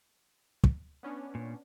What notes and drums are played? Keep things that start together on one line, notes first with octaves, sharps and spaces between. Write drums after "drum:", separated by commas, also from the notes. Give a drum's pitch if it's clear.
drum: kick
B3 C#4 D4
A#2